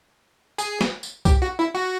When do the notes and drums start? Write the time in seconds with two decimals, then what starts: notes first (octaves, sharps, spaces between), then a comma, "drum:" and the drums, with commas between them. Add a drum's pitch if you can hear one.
0.58 G#4, drum: tambourine
0.81 drum: snare
1.03 drum: tambourine
1.25 G4, drum: kick C2, tambourine
1.42 F#4
1.59 E4
1.75 F#4